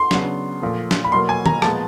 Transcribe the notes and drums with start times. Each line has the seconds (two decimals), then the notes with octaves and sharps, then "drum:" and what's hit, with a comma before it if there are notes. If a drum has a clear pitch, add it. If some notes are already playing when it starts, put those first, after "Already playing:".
Already playing: C6
0.11 C#3 F#3 B3 D4, drum: snare
0.61 A#2 F3 A3
0.91 drum: snare
1.04 B5
1.12 B2 F#3 A#3 C6
1.29 G#5
1.46 A#5, drum: tom D#3
1.62 A#2 F3 G#3 B3 A5, drum: rim click